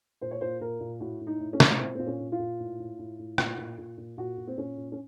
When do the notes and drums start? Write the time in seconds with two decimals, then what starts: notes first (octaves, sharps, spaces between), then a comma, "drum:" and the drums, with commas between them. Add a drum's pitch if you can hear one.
0.21 A#2 C5
0.31 C#5
0.41 A#2 C5
0.61 A#2 A#4
0.80 A#2
1.00 A2 F#4
1.20 A2
1.27 D#4
1.40 A2
1.53 C#4
1.60 A2, drum: snare
1.79 A#2 C4
1.95 A#2 C4
2.07 C#4
2.20 A#2
2.32 F4
2.39 A#2
2.60 A2
2.79 A2
2.99 A2
3.19 A2
3.38 A#2, drum: rim click
3.58 A#2
3.78 A#2
3.97 A#2
4.17 A#2 F#4
4.37 A#2
4.47 C4
4.57 A#2 C#4
4.77 A#2
4.92 C#4